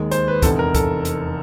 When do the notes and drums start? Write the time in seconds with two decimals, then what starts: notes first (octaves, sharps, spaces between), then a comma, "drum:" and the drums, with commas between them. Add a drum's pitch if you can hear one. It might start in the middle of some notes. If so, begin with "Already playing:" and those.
Already playing: D#2 D#3 G#3
0.11 C5, drum: hi-hat
0.28 B4
0.42 F1 E2 C3 A4, drum: kick, hi-hat
0.59 A#4
0.74 A4, drum: kick, hi-hat
1.05 drum: hi-hat